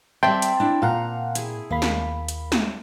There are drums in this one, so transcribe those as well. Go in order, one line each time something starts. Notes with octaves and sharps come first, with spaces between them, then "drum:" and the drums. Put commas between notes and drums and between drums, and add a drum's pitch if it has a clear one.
G3 C4 D5 E5 G5 A5 C6
drum: hi-hat
D4 E4
A#2 F4 F5 F#5 A#5
E4 G#4, drum: hi-hat
D#2 A#3 F5 B5
drum: snare
drum: hi-hat
drum: snare